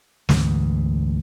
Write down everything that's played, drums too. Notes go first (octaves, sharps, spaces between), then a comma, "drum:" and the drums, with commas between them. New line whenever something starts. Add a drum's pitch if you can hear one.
D2 G#2 E3, drum: snare